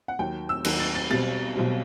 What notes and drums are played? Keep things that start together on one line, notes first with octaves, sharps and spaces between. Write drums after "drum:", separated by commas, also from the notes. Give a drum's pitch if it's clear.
F#5
D#2 D#3 F#3 G5
E6
D#2 D#3 F#3 F#6, drum: cymbal
A6
A6
B1 B2 G3 C4 A6
B1 B2 G3 C4